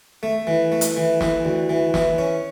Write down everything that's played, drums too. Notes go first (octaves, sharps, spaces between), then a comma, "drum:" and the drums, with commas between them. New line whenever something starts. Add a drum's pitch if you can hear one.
A3
E3
A3
drum: hi-hat
E3
E3, drum: snare
D2
E3
E3, drum: snare
C#4